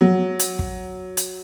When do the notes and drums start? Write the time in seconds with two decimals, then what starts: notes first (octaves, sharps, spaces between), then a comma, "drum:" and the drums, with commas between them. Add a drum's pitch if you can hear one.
0.01 F#3
0.40 drum: hi-hat
0.59 drum: kick
1.17 drum: hi-hat